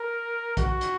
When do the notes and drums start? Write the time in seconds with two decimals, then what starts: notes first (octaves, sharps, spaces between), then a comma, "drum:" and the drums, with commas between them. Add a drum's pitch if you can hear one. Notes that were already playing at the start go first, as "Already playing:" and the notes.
Already playing: A#4
0.57 F#4, drum: kick, hi-hat
0.81 drum: hi-hat